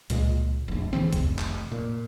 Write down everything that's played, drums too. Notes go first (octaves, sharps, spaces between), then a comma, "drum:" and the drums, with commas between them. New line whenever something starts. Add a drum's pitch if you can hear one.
C#2 A#2 G#3, drum: hi-hat
F1 A#1
C#3 E3 G3 C4
F1, drum: kick B1, hi-hat
drum: clap
A#2